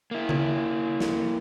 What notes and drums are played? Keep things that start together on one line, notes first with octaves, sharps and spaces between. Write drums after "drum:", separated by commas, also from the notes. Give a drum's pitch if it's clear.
A#3 E4
drum: tom C#3
drum: snare